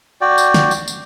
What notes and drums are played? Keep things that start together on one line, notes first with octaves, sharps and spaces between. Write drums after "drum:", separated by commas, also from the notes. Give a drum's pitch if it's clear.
F#4 D5 G5
drum: tambourine
drum: snare
drum: tambourine
drum: tambourine